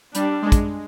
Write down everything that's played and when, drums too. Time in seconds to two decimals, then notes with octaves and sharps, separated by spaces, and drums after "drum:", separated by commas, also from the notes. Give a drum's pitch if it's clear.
0.15 G3 D4, drum: hi-hat
0.42 G#3
0.52 drum: kick, hi-hat